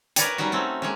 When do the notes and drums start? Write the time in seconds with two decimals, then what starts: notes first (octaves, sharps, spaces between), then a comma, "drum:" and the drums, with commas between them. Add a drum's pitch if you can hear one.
0.16 A#4 B4 C#5 D5 G#5 A#5, drum: hi-hat
0.38 F#3 G3 C#4 D#4 F#4
0.52 A3 C4 C#4
0.82 G#3 A#3 C#4